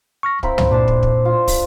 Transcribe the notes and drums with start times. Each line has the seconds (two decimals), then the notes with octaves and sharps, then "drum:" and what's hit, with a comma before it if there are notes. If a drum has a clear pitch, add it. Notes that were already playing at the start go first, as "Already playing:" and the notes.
0.23 C#6 F6 A#6
0.43 C4 E4 F5 A#5 B5, drum: kick
0.58 drum: tom
0.71 A#2 D4 C5 A5
0.88 drum: kick
1.03 drum: kick
1.25 F4
1.48 drum: kick, open hi-hat